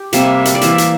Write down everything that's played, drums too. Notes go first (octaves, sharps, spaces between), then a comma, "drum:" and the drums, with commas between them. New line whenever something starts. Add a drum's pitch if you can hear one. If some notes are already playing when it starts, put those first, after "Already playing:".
Already playing: G4
C3 G3 A#3 E5, drum: hi-hat
drum: hi-hat
D5
E3 A#3 E5, drum: hi-hat
drum: hi-hat